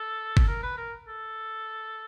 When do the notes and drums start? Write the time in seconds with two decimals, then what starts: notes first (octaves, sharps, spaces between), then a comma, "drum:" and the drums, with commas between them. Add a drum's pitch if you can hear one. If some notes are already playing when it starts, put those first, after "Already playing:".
Already playing: A4
0.37 drum: kick G1
0.47 A#4
0.62 B4
0.77 A#4
1.07 A4